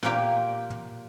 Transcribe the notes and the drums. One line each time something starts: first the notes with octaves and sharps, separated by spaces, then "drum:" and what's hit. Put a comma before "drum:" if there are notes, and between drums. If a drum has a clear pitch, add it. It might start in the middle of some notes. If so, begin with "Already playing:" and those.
A#2 A#3 G4, drum: snare
drum: tom